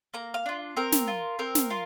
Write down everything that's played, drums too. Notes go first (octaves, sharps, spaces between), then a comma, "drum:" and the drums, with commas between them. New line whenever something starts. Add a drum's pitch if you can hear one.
A#3 A#5
F5
D4 F4
C4 A#4
drum: snare
F4
C4 A#4
drum: snare
F4